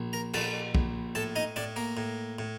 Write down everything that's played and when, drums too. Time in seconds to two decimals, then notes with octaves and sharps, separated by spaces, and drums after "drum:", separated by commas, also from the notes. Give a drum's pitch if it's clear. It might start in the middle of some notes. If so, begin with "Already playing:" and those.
Already playing: A#1
0.13 A#4 A#5
0.34 A#1 A4 A5, drum: cymbal
0.75 A#1, drum: kick
1.15 A2 A4 A5
1.36 D#4 D#5
1.56 A2 D4 D5
1.76 A#3 A#4
1.97 A2
2.39 A2